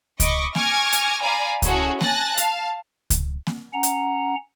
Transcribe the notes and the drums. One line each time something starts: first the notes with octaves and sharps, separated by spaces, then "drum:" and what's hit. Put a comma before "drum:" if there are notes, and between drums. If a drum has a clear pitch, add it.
D#5 B5 C#6 D6, drum: kick C#2, hi-hat
G#5 C#6 D6 F6 G#6 A#6, drum: snare A#3
drum: hi-hat
D5 F5 G#5 A#5 B5
C#4 E4 F#4 G#4 A4 C#5, drum: kick C#2, hi-hat
G#5 A5 F#6 A6 A#6, drum: snare A#3
F5 A5, drum: hi-hat
drum: kick C#2, hi-hat
drum: snare A#3
C#4 F#5 A#5
drum: hi-hat